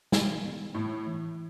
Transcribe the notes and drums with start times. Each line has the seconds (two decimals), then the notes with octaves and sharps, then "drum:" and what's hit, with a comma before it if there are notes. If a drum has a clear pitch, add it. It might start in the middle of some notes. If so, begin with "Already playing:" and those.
0.12 E3, drum: snare
0.44 B3
0.74 A2 E4
1.07 E3